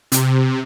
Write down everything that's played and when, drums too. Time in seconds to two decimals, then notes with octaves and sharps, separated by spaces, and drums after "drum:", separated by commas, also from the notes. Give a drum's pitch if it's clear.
0.12 C3, drum: hi-hat